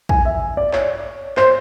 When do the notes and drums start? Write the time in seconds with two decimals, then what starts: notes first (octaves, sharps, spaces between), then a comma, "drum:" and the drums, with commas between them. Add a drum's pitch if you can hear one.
0.09 G#5, drum: kick
0.25 E5
0.57 D5
0.73 C#5, drum: clap
1.37 C5, drum: clap